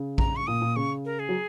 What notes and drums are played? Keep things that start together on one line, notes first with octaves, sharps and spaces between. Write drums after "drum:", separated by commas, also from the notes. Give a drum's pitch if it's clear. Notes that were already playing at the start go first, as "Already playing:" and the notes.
Already playing: C#3
A#5, drum: kick A#1
C#6
A#2 D#6
A#2
C#3 C#6
A#4
G#4
F#3